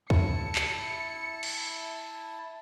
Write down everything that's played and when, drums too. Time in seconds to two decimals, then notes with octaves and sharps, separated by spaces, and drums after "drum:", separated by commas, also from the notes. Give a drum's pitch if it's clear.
0.10 E4 A5 C#7, drum: kick
0.56 drum: clap
1.43 drum: cymbal